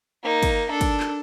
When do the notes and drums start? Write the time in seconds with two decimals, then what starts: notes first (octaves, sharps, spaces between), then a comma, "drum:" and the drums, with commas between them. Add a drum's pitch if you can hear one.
0.23 A#3 D#4
0.43 drum: kick, cymbal
0.70 D4 A4
0.81 drum: kick, cymbal
1.00 drum: clap